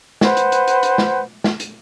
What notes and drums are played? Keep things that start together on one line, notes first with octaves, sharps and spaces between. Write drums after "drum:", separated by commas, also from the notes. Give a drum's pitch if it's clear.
B4 C5 F#5, drum: snare
drum: hi-hat
drum: hi-hat
drum: hi-hat
drum: hi-hat
drum: snare
drum: snare
drum: hi-hat